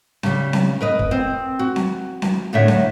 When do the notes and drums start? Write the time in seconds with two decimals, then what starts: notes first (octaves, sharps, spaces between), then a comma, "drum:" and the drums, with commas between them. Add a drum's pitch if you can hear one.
0.23 C#3 G3, drum: snare C4
0.53 drum: snare C4
0.81 A#4 B4 D#5
0.99 drum: kick
1.11 C4
1.59 F#4
1.76 drum: snare C4
2.22 drum: snare C4
2.53 D#2 A2 D3 D4 C#5 E5
2.68 drum: snare C4